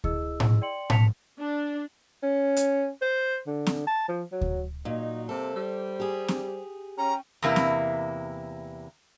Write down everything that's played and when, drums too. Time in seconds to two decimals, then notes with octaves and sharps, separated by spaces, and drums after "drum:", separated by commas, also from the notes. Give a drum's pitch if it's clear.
0.04 E4 G#4 D#5 E6, drum: kick D2
0.40 drum: tom A2
0.62 D5 G5 C6 C#7 F#7
0.90 A5 B6 C#7 F7, drum: tom A2
1.38 D4
2.23 C#4
2.57 drum: hi-hat
3.02 C5
3.47 D3
3.66 drum: snare C4
3.87 A5
4.08 F3
4.32 F#3
4.41 drum: kick D2
4.85 A#2 F#3 D#4 D#5
5.29 C3 G3 A#3 A4 C5
5.54 G3
6.00 G4 G#4
6.28 drum: snare C4
6.98 C#4 G5 A#5
7.42 E2 C3 A#3 E4
7.56 drum: snare C4